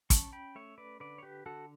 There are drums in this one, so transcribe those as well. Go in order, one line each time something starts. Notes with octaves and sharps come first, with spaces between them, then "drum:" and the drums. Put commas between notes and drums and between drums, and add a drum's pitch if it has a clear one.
C#4 A5 C#6, drum: kick, hi-hat
G5 B5
A3 C#5 E5
B4 D5
D3 B4 D5
C#5
G4 B4
D3 F#4 A4